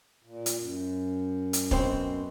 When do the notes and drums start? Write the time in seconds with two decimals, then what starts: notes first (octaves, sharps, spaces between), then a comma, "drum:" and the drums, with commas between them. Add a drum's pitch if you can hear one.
0.24 A#2
0.46 drum: hi-hat
0.57 F#2
1.53 drum: hi-hat
1.71 B2 C4 C5, drum: kick